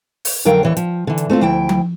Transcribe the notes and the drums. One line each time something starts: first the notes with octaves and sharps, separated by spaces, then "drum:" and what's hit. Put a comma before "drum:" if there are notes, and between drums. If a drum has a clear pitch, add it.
drum: open hi-hat
F2 D3 F#3 A#4 F5 G5
D#2 E3 C#5
F3, drum: hi-hat
D3 E3
drum: hi-hat
A3 C4 D4 F4
D2 F3 E4 G5
drum: tom F3